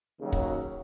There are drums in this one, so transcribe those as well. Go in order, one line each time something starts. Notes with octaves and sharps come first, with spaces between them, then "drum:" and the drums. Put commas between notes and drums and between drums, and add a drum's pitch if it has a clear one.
D#2 C#3 F#3
drum: kick